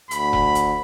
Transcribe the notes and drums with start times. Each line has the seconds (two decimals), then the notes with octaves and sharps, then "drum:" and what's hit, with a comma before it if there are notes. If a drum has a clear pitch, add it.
0.11 D2 B5, drum: hi-hat
0.33 drum: kick E1
0.55 drum: hi-hat